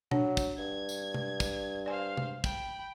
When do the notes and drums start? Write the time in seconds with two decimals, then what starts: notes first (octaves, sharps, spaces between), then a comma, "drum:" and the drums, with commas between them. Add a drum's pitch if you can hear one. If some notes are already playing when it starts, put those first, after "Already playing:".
0.11 F#3 D4, drum: tom B2
0.37 drum: kick, tambourine
0.58 G2 G#6
0.89 drum: tambourine
1.14 drum: tom C3
1.40 drum: kick, tambourine
1.86 C5 D5 F5 G#5
2.17 drum: tom C3
2.44 G5 B5, drum: kick, tambourine